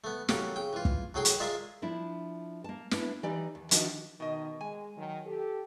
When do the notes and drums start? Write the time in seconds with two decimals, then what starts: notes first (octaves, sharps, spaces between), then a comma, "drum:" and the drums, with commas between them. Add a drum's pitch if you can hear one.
0.04 A3 B3
0.29 F#3 A#3 G4 A4, drum: snare
0.56 C#3 G5
0.73 E3 F4
0.85 drum: kick
1.14 A2 F#3 G#4 G5 C6
1.25 drum: hi-hat
1.40 G#3 F4 G#4 A#4 D5 E5
1.82 F3 D4 E4
2.64 A#3 A5
2.91 B3 D4 E4, drum: snare
3.23 E3 D#4 G4 D5
3.55 D#2
3.71 D#3 F3 D4 D#4 F#4 E5, drum: hi-hat
4.20 B2 D#3 D#5
4.61 G#3 G#5
4.97 D#3 F#3
5.26 G4 A4